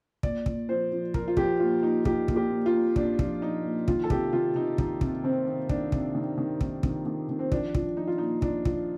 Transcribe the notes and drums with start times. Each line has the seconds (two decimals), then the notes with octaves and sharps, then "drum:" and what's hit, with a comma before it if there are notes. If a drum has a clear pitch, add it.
0.23 A#2 D5, drum: kick
0.46 A#2, drum: kick
0.69 F3 C5
0.92 F3
1.14 F3 A#4, drum: kick
1.28 F4
1.37 F3 G4, drum: kick
1.60 A#2 F4
1.83 A#2 D#4
2.05 A#2 G4, drum: kick
2.28 A#2, drum: kick
2.36 G4
2.51 A#2
2.66 F4
2.73 A#2
2.96 A#2 D4, drum: kick
3.19 F3, drum: kick
3.42 F3 D#4
3.65 A#2
3.88 D#3 F4, drum: kick
4.04 A4
4.10 C3 G4, drum: kick
4.33 D#3 F4
4.55 D#3 D#4
4.78 D#3 D#4, drum: kick
5.01 C3, drum: kick
5.24 D#3 C4
5.47 D#3
5.69 D#3 D4, drum: kick
5.92 C3, drum: kick
6.15 D#3
6.38 D#3
6.61 D#3, drum: kick
6.83 D#3, drum: kick
7.06 D#3
7.29 D#3
7.39 C4
7.52 F3 D4, drum: kick
7.75 F3, drum: kick
7.97 F3 D#4
8.07 F4
8.18 A#2 D#4
8.42 F3 D4, drum: kick
8.65 F3, drum: kick